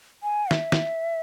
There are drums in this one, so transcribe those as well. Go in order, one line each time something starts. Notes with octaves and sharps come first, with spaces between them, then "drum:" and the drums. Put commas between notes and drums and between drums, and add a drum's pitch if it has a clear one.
G#5
E5, drum: snare
drum: snare